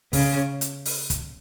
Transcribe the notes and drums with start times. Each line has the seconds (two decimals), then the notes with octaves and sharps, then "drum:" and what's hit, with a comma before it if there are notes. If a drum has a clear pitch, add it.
0.13 C#3, drum: kick, open hi-hat
0.61 drum: hi-hat
0.85 drum: open hi-hat
1.10 drum: kick, hi-hat